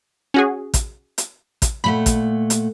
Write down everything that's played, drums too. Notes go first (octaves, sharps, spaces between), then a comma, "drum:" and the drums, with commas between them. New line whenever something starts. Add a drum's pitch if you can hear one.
C#4 F#4 G#4
drum: kick, hi-hat
drum: hi-hat
drum: kick, hi-hat
A#2 A3 F#5 B5
drum: kick, hi-hat
drum: hi-hat